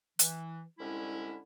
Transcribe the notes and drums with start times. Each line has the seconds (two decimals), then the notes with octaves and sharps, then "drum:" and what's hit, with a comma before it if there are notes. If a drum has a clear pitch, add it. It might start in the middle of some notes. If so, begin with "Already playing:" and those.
0.19 E3, drum: hi-hat
0.79 C2 D3 G#3 C#4 E4